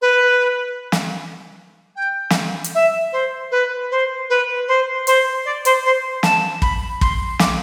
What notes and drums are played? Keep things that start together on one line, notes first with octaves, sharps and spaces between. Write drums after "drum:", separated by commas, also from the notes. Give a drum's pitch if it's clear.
B4
drum: snare
G5
drum: snare
drum: hi-hat
E5
C5
B4
C5
B4
C5
C5, drum: hi-hat
D5
C5, drum: hi-hat
C5
A5, drum: snare
B5, drum: kick
C6, drum: kick
D6, drum: snare